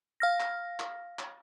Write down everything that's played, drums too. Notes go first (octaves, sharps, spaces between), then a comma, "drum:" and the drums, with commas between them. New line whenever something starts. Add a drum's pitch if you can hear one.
F5 F6 A#6
drum: clap
drum: clap
drum: clap